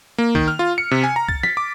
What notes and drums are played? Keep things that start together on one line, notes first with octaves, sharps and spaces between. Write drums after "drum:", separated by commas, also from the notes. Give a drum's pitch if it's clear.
A#3
D#3, drum: kick C2
F6
F4
C#7
C3
G#5
A#5
A6, drum: kick C2
B6, drum: snare
D6